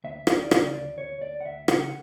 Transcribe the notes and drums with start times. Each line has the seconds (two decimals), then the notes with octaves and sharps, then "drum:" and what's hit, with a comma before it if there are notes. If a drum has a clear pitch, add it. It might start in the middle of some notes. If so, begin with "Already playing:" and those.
0.04 D2 E5
0.27 D2, drum: rim click
0.36 D5
0.51 C#3, drum: rim click
0.66 D5
0.74 D2
0.98 D2 C#5
1.21 D2 D5
1.41 F#5
1.45 D2 E5
1.68 C#3 F#5, drum: rim click
1.84 F#5